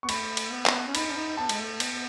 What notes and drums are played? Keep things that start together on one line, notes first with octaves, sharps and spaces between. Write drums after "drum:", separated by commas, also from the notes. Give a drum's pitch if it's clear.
B3 C#6
A3 B5, drum: cymbal
drum: cymbal
B3
drum: clap
C#4
D#4 B5, drum: cymbal
C#4
D#4
B3 A5
G#3, drum: cymbal
A3
B3, drum: cymbal